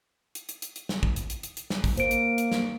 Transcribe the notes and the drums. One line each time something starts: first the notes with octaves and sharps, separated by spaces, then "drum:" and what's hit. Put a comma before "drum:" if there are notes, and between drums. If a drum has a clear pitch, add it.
drum: hi-hat
drum: hi-hat
drum: hi-hat
drum: hi-hat
drum: snare
drum: kick
drum: hi-hat
drum: hi-hat
drum: hi-hat
drum: hi-hat
drum: snare
drum: kick, open hi-hat
A#3 C5 D7, drum: hi-hat
drum: hi-hat
drum: hi-hat
drum: snare